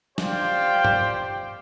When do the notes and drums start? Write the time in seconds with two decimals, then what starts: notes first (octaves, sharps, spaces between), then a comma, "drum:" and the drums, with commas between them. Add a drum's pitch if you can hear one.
0.18 F4 G4 C5 D5 F5 G5, drum: snare
0.85 drum: tom G2